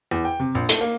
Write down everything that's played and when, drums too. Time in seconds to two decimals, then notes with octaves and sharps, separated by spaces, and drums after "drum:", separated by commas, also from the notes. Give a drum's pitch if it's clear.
0.11 E2
0.25 G5
0.40 C3
0.55 A#1
0.69 A3, drum: hi-hat
0.81 A#3